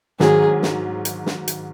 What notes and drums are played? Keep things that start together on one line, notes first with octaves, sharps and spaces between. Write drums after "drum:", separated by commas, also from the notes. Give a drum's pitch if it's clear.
G#2 D#3 F#3 G#4, drum: snare
drum: snare
drum: hi-hat
drum: snare
drum: hi-hat